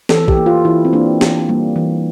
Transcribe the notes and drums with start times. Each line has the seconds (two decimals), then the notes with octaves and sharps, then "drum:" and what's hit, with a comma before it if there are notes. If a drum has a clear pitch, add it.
0.09 E3 A4, drum: snare
0.28 G4, drum: kick
0.37 A#3
0.46 F4
0.65 E3 E4
0.85 C4
0.93 A#3 D4
1.21 E3, drum: snare
1.49 G3 A#3
1.76 E3